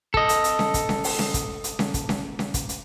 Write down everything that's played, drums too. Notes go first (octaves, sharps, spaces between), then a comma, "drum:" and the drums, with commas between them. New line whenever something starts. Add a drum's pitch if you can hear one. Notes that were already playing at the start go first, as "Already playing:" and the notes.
A4 D#5, drum: kick
drum: hi-hat
drum: hi-hat
drum: snare C#4
drum: kick, hi-hat
drum: snare C#4
drum: open hi-hat
drum: snare C#4
drum: kick, hi-hat
drum: hi-hat
drum: snare C#4
drum: kick, hi-hat
drum: snare C#4
drum: snare C#4
drum: kick, hi-hat
drum: hi-hat